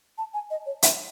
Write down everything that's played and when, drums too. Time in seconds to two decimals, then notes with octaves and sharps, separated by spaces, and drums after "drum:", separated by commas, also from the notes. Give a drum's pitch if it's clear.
0.18 A5
0.34 G#5
0.51 D#5
0.66 C#5
0.83 E5, drum: hi-hat